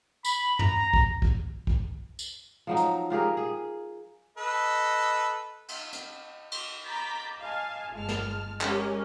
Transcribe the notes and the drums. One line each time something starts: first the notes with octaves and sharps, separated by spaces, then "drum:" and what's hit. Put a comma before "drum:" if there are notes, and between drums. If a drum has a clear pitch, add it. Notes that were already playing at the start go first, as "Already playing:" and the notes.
B5, drum: tambourine
A#5, drum: tom
drum: kick
drum: kick
drum: kick
drum: tambourine
F3 F#3 D#4
drum: hi-hat
F4 G4 G#4 A#4
G#4
A4 B4 D#5
drum: cymbal
drum: hi-hat
drum: cymbal
A#5 B5 D6 G6 A6 B6
D#5 F5 G#5 A5
G1 G#3 A5 F6
drum: snare
G#3 C#4 G4 G#4 A#4, drum: clap